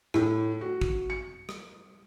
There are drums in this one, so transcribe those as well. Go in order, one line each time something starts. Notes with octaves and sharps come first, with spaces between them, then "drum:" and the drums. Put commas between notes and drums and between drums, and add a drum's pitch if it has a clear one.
A2, drum: rim click
F#4
drum: kick
C#7
drum: rim click